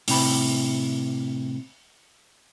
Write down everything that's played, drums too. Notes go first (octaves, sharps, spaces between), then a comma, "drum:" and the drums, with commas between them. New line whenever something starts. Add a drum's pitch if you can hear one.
A2 C3 G5 B5, drum: open hi-hat